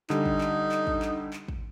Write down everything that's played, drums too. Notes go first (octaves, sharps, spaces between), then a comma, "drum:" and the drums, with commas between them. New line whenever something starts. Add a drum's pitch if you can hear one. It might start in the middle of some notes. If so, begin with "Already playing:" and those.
D3 G3 D#4, drum: clap
drum: kick
drum: clap
drum: clap
drum: kick
drum: clap
drum: clap
drum: kick